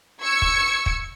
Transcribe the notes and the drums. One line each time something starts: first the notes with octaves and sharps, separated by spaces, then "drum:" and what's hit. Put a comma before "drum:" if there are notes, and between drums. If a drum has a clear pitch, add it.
C#6 E6 G#6 C#7
drum: kick
drum: kick